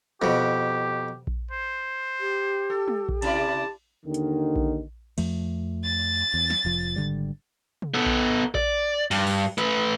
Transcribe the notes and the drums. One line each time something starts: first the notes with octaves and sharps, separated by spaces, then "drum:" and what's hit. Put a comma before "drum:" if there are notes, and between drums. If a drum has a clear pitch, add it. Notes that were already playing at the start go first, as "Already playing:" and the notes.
F2 B2 G4, drum: snare
drum: kick A#1
C5
G4
A4
drum: tom
drum: kick A#1
C3 E4 D5 A5, drum: cymbal
D#2 D3 D#3
drum: hi-hat
drum: kick A#1
F2 F3 A3, drum: cymbal
A6
E2
drum: snare
F1 F3
G#1 D3 G3
drum: tom
B3 A4
drum: kick A#1
D5, drum: kick A#1
G2, drum: cymbal
drum: open hi-hat
A3 B4, drum: hi-hat